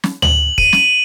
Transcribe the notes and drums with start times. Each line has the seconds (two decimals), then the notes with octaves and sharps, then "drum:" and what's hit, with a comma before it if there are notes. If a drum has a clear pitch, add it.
0.04 drum: snare
0.22 F#7, drum: tom D2
0.58 D#7, drum: kick
0.73 drum: snare